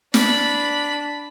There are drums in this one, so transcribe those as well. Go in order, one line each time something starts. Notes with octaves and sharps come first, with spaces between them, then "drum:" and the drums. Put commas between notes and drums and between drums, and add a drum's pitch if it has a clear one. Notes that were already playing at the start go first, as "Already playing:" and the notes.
D4 B5, drum: snare